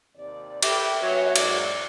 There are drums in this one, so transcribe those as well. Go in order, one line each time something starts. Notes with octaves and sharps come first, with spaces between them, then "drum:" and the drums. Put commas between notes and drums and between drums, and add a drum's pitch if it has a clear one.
D#2 C3 D5
G4 A4 B4 E5 G5, drum: cymbal
F#3 C#4 B4 C#5 F#5
E2 G#2 D5, drum: cymbal